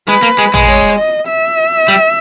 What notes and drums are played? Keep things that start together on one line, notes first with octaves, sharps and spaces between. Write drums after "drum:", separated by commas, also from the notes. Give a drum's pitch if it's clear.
G#3 B4
A#3
G#3
G#3, drum: tom
C#5
drum: kick E1
D#5
E5
G3